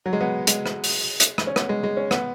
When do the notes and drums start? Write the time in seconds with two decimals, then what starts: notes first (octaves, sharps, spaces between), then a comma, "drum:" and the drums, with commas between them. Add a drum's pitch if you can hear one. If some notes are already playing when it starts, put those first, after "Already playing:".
0.06 F#3
0.13 G#3
0.21 B3
0.47 G#3, drum: hi-hat
0.66 drum: rim click
0.84 drum: open hi-hat
1.20 drum: hi-hat
1.38 drum: rim click
1.47 C#4
1.56 B3, drum: rim click
1.69 G#3
1.83 G#3
1.97 C#4
2.11 B3, drum: rim click